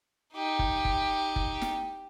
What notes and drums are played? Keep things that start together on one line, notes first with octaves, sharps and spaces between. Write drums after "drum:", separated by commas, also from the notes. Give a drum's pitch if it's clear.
D#4 G4
drum: kick F#1
drum: kick F#1
drum: kick F#1
drum: snare